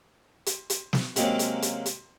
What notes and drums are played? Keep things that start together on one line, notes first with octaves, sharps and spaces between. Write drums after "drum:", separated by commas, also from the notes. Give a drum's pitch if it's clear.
drum: hi-hat
drum: hi-hat
drum: snare
C3 F#3 G#3 A#3 C4 C#4, drum: hi-hat
drum: hi-hat
drum: hi-hat
drum: hi-hat